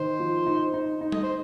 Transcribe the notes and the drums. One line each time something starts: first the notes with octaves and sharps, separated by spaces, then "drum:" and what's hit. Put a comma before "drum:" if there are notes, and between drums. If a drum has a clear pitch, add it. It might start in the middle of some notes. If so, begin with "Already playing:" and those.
Already playing: D#3 C5
F3
D#4
D#4
D#4
D#5, drum: tom G3
C5